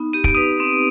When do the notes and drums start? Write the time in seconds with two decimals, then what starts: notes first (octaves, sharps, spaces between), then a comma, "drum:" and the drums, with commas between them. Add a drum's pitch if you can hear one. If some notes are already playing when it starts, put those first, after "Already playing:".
Already playing: B3 D#4
0.13 G4 D#7
0.24 D7, drum: kick
0.35 B4 D#6 D#7
0.60 C4